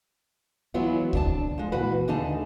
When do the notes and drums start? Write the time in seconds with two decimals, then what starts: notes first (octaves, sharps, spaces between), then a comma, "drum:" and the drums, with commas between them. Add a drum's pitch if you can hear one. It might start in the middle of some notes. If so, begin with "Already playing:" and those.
0.74 E3 F#3 G#3 B3 E4 F4
1.13 F2 D4 A5, drum: kick C#2
1.58 F3 G#3
1.72 A#2 E3 F#4 B4
2.08 D#2 D3 A3 D#4 G#4 A5